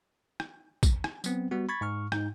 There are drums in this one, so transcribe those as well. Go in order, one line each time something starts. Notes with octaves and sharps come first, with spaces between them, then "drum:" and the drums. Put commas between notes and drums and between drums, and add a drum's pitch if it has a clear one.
drum: rim click
drum: kick, tambourine
drum: rim click
F#3 B3 C4, drum: tambourine
G3 B3 F#4
B5 C#6 G#6 A6 B6
G#2 C#6 F6
G#2 D#4 G6, drum: rim click